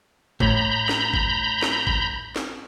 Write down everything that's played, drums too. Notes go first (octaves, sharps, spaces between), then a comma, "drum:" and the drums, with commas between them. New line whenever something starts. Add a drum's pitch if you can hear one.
A2 A#5 B5 G6, drum: kick
drum: snare
drum: kick
drum: snare
drum: kick
drum: snare